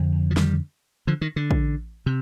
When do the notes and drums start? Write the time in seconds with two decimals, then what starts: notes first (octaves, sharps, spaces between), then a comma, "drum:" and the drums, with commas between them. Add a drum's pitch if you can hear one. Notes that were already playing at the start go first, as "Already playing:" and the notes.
Already playing: F2 D3
0.31 F3
0.37 D#3 G3, drum: snare
1.07 D3 F3
1.21 D#3
1.36 D3
1.51 drum: kick
2.06 C3